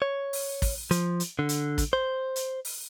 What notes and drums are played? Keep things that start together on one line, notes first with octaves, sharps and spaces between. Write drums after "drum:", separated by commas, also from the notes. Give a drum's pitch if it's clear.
C#5
drum: open hi-hat
drum: kick, open hi-hat
F3, drum: hi-hat
drum: hi-hat
D3
drum: hi-hat
drum: kick, hi-hat
C5
drum: hi-hat
drum: open hi-hat